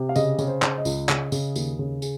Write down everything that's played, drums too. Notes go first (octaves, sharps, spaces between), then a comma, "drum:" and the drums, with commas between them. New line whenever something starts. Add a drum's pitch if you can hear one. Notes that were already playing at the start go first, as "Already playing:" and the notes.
Already playing: C3
F5
C#3 D#5, drum: tambourine
C#3, drum: tambourine
C5
C#3, drum: clap
D#5
C#2, drum: tambourine
C#3, drum: clap
C#3, drum: tambourine
D#2, drum: tambourine
C#3
G#4, drum: tambourine